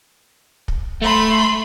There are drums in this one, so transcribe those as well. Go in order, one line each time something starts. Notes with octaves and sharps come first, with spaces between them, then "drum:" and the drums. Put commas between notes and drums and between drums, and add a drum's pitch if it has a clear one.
drum: kick
A3 B5 C6